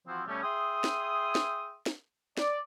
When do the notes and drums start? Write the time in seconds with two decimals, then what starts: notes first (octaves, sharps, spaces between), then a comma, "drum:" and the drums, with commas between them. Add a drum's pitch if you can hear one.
0.07 E3 F3 C4 F#4 C5
0.27 B2 G3 A3 C#4
0.43 G#4 E5 G5 C6 D#6
0.84 drum: snare
1.35 drum: snare
1.86 drum: snare
2.37 D5, drum: snare